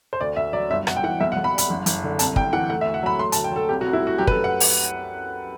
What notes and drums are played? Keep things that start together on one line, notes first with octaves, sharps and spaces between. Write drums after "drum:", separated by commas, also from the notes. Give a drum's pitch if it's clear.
C5
D2 D5
D2 E5
F#3 D5
G1 E5
G1 F#5, drum: rim click
G5
E3 F#5
B1 E5
F#5
B1
B5
G3
B5, drum: hi-hat
F#1
F#1, drum: hi-hat
D3
C2 A5, drum: hi-hat
C2 G5, drum: kick
E3 F#5
A3 F#5
E5
D2
F#5
F#3 B5
A3 C6
A5, drum: hi-hat
D2
G5
F#3 A4
C2 G4
F#4
C2
E4
A3 F#4
F#2 G4
B4, drum: kick
A4
F#2
F#5
drum: open hi-hat